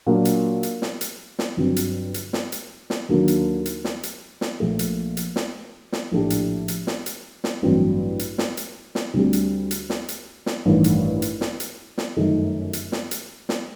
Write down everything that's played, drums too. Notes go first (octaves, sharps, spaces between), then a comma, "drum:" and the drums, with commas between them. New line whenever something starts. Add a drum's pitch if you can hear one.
A#2 F#3 A#3 D4 F#4
drum: hi-hat
drum: hi-hat
drum: snare
drum: hi-hat
drum: snare
G1 G2 F#3 C4
drum: hi-hat
drum: hi-hat
drum: snare
drum: hi-hat
drum: snare
D#2 D3 F#3 A#3
drum: hi-hat
drum: hi-hat
drum: snare
drum: hi-hat
drum: snare
A#1 A#2 A3
drum: hi-hat
drum: hi-hat
drum: snare
drum: snare
A#1 A2 A3 D4 G4
drum: hi-hat
drum: hi-hat
drum: snare
drum: hi-hat
drum: snare
A1 G2 F#3 C4
drum: hi-hat
drum: snare
drum: hi-hat
drum: snare
D2 D3 G3 C4 G4
drum: hi-hat
drum: hi-hat
drum: snare
drum: hi-hat
drum: snare
A1 G2 D#3
drum: hi-hat
drum: hi-hat
drum: snare
drum: hi-hat
drum: snare
G1 F#2 D#3 A3 D#4
drum: hi-hat
drum: snare
drum: hi-hat
drum: snare